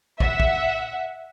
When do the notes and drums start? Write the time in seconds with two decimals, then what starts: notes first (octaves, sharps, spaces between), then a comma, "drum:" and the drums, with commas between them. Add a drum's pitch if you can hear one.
0.20 E5 F#5, drum: kick
0.40 drum: kick